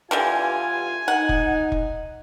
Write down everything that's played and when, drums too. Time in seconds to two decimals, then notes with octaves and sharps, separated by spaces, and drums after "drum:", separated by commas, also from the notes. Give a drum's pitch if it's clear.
0.11 E2 G2 D3 E3 G3 F4 G#5
1.08 D#4 F#5
1.29 drum: kick
1.72 drum: kick